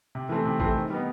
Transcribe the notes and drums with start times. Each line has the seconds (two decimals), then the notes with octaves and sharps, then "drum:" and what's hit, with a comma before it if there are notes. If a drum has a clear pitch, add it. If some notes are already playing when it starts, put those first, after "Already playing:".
0.15 C3
0.29 E3 A3 C4
0.45 C3
0.60 E3 A3 C4, drum: kick G#1
0.75 D#3
0.90 G3 B3 D#4